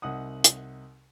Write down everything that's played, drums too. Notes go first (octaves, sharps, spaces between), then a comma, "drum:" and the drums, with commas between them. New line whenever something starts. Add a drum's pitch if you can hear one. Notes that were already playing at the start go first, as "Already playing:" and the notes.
C2 D#4 F#5 D#6
drum: hi-hat